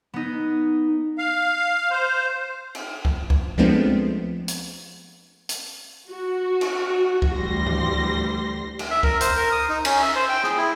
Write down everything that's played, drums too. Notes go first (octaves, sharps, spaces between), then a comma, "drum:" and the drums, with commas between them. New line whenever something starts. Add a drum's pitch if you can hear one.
B3 D#4
F5
C5
drum: cymbal
drum: kick C#2
drum: kick C#2
F3 G#3 A3 B3 C4 D4
drum: hi-hat
drum: hi-hat
F#4
drum: cymbal
drum: kick C#2
D2 E3 G3 C6 A#6
drum: tom G#2
drum: cymbal
E5
A#4, drum: kick C#2
C5, drum: hi-hat
A#4
D#6
D#4
C#4, drum: cymbal
E5
C5
G5
G#4, drum: rim click
E4